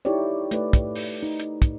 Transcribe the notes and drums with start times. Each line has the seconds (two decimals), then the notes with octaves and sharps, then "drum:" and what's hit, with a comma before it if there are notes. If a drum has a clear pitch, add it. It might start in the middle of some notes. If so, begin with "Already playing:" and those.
0.05 D#4 E4 G4 A4 C#5 D5
0.51 A3 B4 D5, drum: hi-hat
0.73 drum: kick, hi-hat
0.95 drum: open hi-hat
1.23 D#4
1.40 drum: hi-hat
1.62 drum: kick, hi-hat